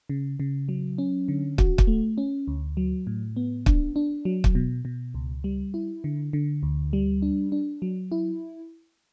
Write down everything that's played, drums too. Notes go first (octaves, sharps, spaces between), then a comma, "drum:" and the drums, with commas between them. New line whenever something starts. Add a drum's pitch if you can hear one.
C#3
C#3
F#3
C#4
D3
F#4, drum: kick
drum: kick
A3
C#4
D2
F#3
A2
B3
D4, drum: kick
D4
F#3
drum: kick
B2
B2
C#2
G3
E4
D3
D3
D2
G3
D4
D4
F#3
E4